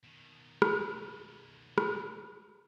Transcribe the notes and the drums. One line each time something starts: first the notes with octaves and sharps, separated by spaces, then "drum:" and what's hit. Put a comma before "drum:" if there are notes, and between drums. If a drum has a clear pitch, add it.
B2 D#3
drum: rim click
drum: rim click